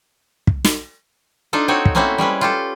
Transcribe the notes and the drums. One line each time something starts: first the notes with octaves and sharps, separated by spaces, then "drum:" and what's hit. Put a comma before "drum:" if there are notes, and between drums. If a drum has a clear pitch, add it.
drum: kick
drum: snare
D4 D#4 F4 A4
C4 D#4 F#4 C#5
drum: kick
A3 A#3 C4 C#4 E4 F#4
G3 G#3 C#4 B4
F4 G4 A4